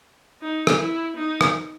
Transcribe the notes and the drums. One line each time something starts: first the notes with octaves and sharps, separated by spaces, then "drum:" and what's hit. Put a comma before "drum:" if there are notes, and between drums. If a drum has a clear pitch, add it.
D#4
drum: rim click
E4
D#4
drum: rim click